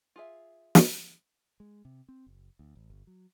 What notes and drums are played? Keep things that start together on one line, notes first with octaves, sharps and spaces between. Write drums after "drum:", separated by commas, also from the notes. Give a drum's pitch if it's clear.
F4 G#4 E5
drum: snare
G#3
C3
C4
F#1
D2
A1
G1
F#3